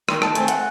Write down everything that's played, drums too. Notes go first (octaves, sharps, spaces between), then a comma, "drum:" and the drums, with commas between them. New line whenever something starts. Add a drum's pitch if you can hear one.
D#3 C6, drum: rim click
A5, drum: rim click
A3 C4 G#5, drum: hi-hat
F#5, drum: hi-hat